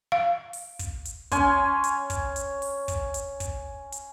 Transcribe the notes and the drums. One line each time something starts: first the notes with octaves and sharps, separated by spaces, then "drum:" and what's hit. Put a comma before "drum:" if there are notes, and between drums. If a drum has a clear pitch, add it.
F5
drum: open hi-hat
drum: kick, hi-hat
drum: hi-hat
C#4 G#5 C6, drum: kick, hi-hat
drum: hi-hat
drum: kick, hi-hat
drum: hi-hat
drum: open hi-hat
drum: kick, hi-hat
drum: hi-hat
drum: kick, hi-hat
drum: hi-hat